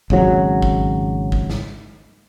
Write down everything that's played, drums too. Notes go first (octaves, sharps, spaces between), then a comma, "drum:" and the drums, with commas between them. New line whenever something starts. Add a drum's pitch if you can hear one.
G#1 C#3 F#3, drum: kick G#1
drum: kick G#1
drum: kick G#1
drum: snare